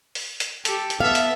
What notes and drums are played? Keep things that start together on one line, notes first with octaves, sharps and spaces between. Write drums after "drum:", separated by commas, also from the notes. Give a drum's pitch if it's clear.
drum: open hi-hat
drum: hi-hat
G4 A4, drum: hi-hat
drum: hi-hat
B3 A4 E5 F5
drum: hi-hat